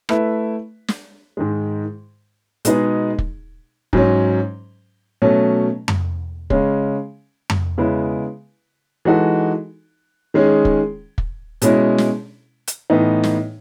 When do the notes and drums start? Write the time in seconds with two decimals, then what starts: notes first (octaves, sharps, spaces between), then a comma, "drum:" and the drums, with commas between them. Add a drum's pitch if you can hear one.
0.09 A3 E4 B4 E5, drum: rim click
0.88 drum: snare
1.37 G#2 D#3 G#3
2.65 B2 G#3 B3 D#4 G#4, drum: hi-hat
3.18 drum: kick
3.93 G#2 F#3 C#4, drum: kick
5.22 B2 F#3 A3 C#4
5.88 drum: tom F2
6.50 C#3 G#3 C#4, drum: kick
7.50 drum: tom F2
7.78 C#3 G#3 B3 E4 B4
9.05 E3 G#3 D#4 F#4 A4
10.34 D#3 G#3 C#4 G#4
10.65 drum: kick
11.18 drum: kick
11.62 B2 G#3 C#4 E4, drum: hi-hat
11.98 drum: snare
12.67 drum: hi-hat
12.90 A2 E3 B3 D#4
13.24 drum: snare